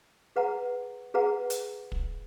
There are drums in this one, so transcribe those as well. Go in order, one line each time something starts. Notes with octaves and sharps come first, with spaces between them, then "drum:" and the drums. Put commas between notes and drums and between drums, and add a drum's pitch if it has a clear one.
G#4 B4 F#5 A#5
G#4 B4 F#5 A#5
drum: hi-hat
drum: kick